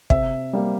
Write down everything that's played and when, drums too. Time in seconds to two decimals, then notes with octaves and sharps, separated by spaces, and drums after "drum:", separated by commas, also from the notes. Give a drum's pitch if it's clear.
0.10 C3 E5, drum: kick
0.53 G3 A#3